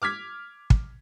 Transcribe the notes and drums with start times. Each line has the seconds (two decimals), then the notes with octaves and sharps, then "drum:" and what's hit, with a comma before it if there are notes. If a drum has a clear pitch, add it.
0.02 D6 F6 G#6 B6
0.70 drum: kick